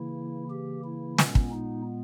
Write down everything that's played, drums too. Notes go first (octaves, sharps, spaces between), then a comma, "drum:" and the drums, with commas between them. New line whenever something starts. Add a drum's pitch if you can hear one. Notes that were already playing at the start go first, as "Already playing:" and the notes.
Already playing: C#3 E3 A#3 E4
G4
E4
A#2 G#3 B3 C#4, drum: snare
drum: kick
D#4